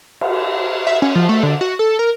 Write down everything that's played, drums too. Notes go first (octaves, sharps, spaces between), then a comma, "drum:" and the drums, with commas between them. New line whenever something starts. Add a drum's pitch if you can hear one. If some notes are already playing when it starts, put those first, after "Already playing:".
drum: cymbal
E5
C#4
F3
A3
D3
F#4
A4
A#4